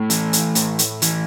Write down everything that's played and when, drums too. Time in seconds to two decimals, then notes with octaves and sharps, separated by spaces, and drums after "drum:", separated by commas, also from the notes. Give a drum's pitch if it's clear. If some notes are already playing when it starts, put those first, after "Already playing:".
Already playing: A2 A3
0.10 E3, drum: hi-hat
0.33 drum: hi-hat
0.55 A2, drum: hi-hat
0.79 drum: hi-hat
1.02 E3, drum: hi-hat